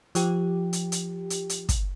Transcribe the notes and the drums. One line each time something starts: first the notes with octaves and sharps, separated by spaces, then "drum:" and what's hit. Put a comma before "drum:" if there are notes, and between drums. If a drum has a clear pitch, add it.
F3 G4, drum: hi-hat
drum: hi-hat
drum: hi-hat
drum: hi-hat
drum: hi-hat
drum: kick, hi-hat